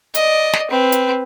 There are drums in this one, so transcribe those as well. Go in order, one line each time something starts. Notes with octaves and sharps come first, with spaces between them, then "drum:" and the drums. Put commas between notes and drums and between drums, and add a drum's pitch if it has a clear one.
D5 D#5, drum: hi-hat
drum: snare
C4 B4
drum: hi-hat